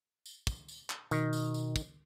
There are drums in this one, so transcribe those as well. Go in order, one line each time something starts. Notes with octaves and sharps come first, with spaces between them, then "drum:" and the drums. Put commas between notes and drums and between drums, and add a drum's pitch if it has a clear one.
drum: tambourine
drum: kick, tambourine
drum: tambourine
drum: clap
B2 D#3, drum: tambourine
drum: tambourine
drum: tambourine
drum: kick, tambourine